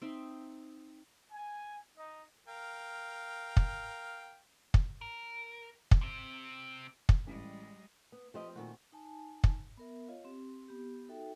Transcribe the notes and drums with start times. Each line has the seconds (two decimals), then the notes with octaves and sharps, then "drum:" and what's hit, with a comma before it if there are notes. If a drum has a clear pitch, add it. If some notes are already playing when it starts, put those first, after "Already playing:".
0.02 C4 D#4 E5 C6
1.30 G#5
1.95 D#4
2.48 A#4 F5 G5
3.57 drum: kick
4.74 drum: kick
5.01 A#4
5.91 drum: kick
6.01 C3 C4
7.09 drum: kick
7.27 A1 G3 G#3
8.12 B3
8.34 F3 A3 C4 G4 D#5
8.56 A#2 D#3 A3 F#4
8.93 D#4 G#5 A5
9.44 drum: kick
9.78 B3 A#4 E5
10.08 F4 C#5 D#5 F5
10.24 C4 G4
10.68 B3 G4
11.08 D#4 F#4 A4 E5 G5